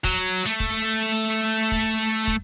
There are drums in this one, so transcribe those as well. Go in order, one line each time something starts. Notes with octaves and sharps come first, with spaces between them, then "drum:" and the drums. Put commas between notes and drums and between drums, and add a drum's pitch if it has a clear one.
F#3, drum: kick
A3
drum: kick
drum: kick
drum: kick